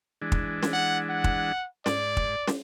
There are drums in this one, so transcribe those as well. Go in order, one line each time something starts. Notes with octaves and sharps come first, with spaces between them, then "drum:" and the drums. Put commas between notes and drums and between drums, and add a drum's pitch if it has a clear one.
E3 G#3 D4
drum: kick
drum: snare
F#5
F#5
drum: kick
G#2 D5, drum: snare
drum: kick
drum: snare